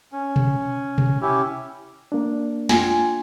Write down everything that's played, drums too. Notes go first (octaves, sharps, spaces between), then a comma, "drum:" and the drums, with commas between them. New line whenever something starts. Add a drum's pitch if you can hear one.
C#4
drum: tom B2
drum: tom B2
C#4 E4 G4
A#3 D4
F4 G5 G#5, drum: snare